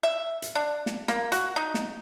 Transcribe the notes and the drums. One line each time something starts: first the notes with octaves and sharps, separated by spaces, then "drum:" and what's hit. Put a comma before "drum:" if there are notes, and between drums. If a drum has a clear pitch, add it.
E5
drum: hi-hat
D4
drum: snare
A#3, drum: snare
F#4, drum: hi-hat
D#4
drum: snare